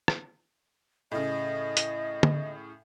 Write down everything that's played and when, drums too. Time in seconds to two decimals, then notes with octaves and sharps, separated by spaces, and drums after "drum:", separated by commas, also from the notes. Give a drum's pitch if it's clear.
0.08 drum: rim click
1.12 A2 C#3 D#5
1.77 drum: hi-hat
2.23 drum: tom